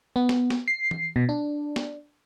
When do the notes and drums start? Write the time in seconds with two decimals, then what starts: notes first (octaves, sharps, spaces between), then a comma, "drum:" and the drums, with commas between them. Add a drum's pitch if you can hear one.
0.16 B3
0.29 drum: snare
0.50 drum: snare
0.68 C7
0.91 drum: tom E3
1.16 B2
1.29 D4
1.76 drum: snare